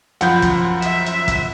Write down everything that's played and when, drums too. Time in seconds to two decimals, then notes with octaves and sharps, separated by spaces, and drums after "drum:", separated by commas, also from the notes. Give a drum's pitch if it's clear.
0.21 F#2 F3 F#5 B5 G6, drum: hi-hat
0.42 drum: kick, hi-hat
0.82 E5, drum: hi-hat
1.06 drum: hi-hat
1.28 drum: kick, hi-hat